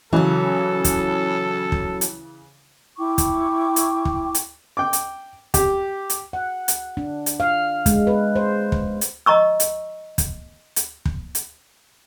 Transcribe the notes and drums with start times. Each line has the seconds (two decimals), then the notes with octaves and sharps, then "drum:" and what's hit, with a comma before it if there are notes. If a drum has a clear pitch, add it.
0.13 C#3 E3 F#3 C#4 A4
0.84 drum: kick, hi-hat
1.72 drum: kick
2.01 drum: hi-hat
2.98 E4 G5 C#6 D6
3.18 drum: kick, hi-hat
3.76 drum: hi-hat
4.05 drum: kick
4.35 drum: hi-hat
4.77 G5 D6
4.93 drum: hi-hat
5.54 G4, drum: kick, hi-hat
6.10 drum: hi-hat
6.33 F#5
6.68 drum: hi-hat
6.97 D4
7.26 drum: hi-hat
7.40 F5
7.86 G#3, drum: kick, hi-hat
8.07 B4
8.36 C5
8.72 drum: kick
9.01 drum: hi-hat
9.26 D#5 A#5 C#6 E6
9.60 drum: hi-hat
10.18 drum: kick, hi-hat
10.76 drum: hi-hat
11.05 drum: kick
11.35 drum: hi-hat